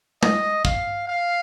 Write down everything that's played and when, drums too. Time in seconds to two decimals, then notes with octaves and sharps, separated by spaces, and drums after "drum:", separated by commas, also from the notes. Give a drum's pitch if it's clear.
0.23 D#5, drum: tom
0.65 F5, drum: kick
1.08 F5